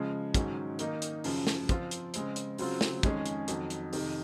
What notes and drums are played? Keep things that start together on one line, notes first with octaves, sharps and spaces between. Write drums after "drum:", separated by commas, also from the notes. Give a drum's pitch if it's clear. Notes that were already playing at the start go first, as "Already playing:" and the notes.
Already playing: C#3 F3 G#3
G#2 D#3 F#3 C#4, drum: kick, hi-hat
D#3 A#3 D#4, drum: hi-hat
drum: hi-hat
F#2 C#3 F3, drum: open hi-hat
drum: snare
F3 C4 F4, drum: kick, hi-hat
drum: hi-hat
C#3 G#3 C4, drum: hi-hat
drum: hi-hat
C#3 F#3 C4 F4, drum: open hi-hat
drum: snare
F2 D#3 G#3 C#4 G#4, drum: kick, hi-hat
drum: hi-hat
F2 D#3 F#3, drum: hi-hat
drum: hi-hat
F2 C3 D#3, drum: open hi-hat